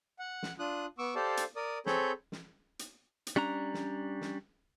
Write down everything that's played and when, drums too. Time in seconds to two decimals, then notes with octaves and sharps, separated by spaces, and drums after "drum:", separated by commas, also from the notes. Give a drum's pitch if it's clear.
0.19 F#5
0.43 drum: snare
0.59 D4 F4 D#6 F#6
0.98 B3 C#6 D6 E6
1.15 G4 A4 C5 D5 F5 A5
1.37 drum: hi-hat
1.56 A#4 D5 D#6
1.86 C4 G#4 A4 C#5 B5 G6, drum: snare
2.32 drum: snare
2.79 drum: hi-hat
3.27 drum: hi-hat
3.36 G3 C#4 D4 A#5
3.74 drum: snare
4.21 drum: snare